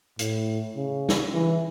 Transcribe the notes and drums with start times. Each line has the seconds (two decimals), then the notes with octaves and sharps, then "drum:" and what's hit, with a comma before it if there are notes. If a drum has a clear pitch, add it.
0.19 A2, drum: hi-hat
0.76 C#3
1.09 drum: snare
1.33 E3